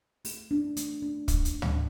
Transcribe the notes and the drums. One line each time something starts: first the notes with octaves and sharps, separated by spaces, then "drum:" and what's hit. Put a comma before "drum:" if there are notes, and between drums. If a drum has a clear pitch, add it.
A3, drum: open hi-hat
D4
A3, drum: hi-hat
D4
drum: kick, hi-hat
drum: hi-hat
drum: tom